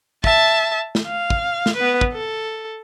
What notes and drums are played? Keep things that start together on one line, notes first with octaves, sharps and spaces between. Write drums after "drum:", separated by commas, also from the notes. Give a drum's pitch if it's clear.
E5 A5, drum: kick
drum: snare
F5
drum: kick
drum: snare
B3 B4
drum: kick
A4